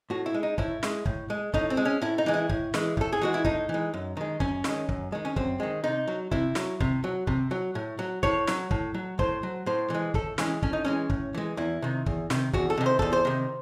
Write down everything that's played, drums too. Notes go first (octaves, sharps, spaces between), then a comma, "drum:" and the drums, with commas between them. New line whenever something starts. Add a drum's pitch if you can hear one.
A2 F#4
E4
G#3
D#4
A2 E4, drum: kick
G#3, drum: snare
A2, drum: kick
G#3
A2 D#4, drum: kick
C4
G#3
C#4
A2 E4
D#4
E3 G#3
E4
A2, drum: kick
E3 G#3, drum: snare
A2 A4, drum: kick
G#4
E3 G#3 F#4
E4
A2 D#4, drum: kick
E3 G#3
F#2
D#3 G#3
F#2 C#4, drum: kick
D#3 G#3, drum: snare
F#2, drum: kick
D#3 G#3
C#4
F#2 C4, drum: kick
D#3 G#3
C3 D#4
F#3
C3 E4, drum: kick
F#3, drum: snare
C3, drum: kick
F#3
C3, drum: kick
F#3
A2
F#3
A2 C#5, drum: kick
F#3, drum: snare
A2, drum: kick
F#3
A2 C5, drum: kick
F#3
A2 C5
E3 G#3
A2 A4, drum: kick
E3 G#3 C#4, drum: snare
A2 C#4, drum: kick
D#4
E3 G#3 C#4
A2, drum: kick
E3 G#3
E2 E4
C3 D#3
E2, drum: kick
C3 D#3, drum: snare
E2 F#4, drum: kick
A4
C3 D#3
C5
E2 A4, drum: kick
C5
C3 D#3